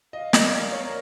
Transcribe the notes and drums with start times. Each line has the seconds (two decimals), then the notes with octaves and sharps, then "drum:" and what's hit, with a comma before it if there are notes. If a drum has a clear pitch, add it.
0.13 D#5 F5
0.33 A#4 D5, drum: snare
0.52 D5 F5
0.72 A#4 C#5